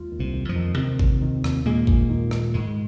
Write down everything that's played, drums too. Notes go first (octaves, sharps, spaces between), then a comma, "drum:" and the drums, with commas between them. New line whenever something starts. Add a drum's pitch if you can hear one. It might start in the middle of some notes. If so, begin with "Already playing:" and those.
Already playing: D#2 G#3 F4
D#2
C2 C3
D#3
F2 F3
D#3
C3 D#3 C4
D#2, drum: kick
D#3
D#2, drum: rim click
A#2 G#3 A#3
D#2, drum: kick
D#3
D#3, drum: rim click
G#2 D#3 G#3